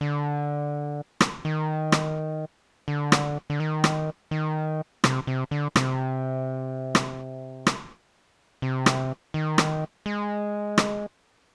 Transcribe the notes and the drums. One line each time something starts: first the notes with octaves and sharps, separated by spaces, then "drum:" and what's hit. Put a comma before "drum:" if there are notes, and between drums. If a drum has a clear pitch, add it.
D3
drum: rim click
D#3
drum: rim click
D3
drum: rim click
D3
D#3
drum: rim click
D#3
C3, drum: rim click
C3
D3
C3, drum: rim click
drum: rim click
drum: rim click
C3
drum: rim click
D#3
drum: rim click
G#3
drum: rim click